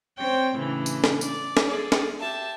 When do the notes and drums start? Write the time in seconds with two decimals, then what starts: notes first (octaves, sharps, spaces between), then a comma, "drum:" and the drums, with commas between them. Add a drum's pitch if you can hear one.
0.19 C4 C#5 G5
0.57 A2 C#3 E3 D4
0.86 drum: tambourine
1.04 drum: snare
1.21 D5, drum: tambourine
1.57 drum: snare
1.67 G#4 A4 D5
1.92 drum: snare
2.19 G4 E5 A5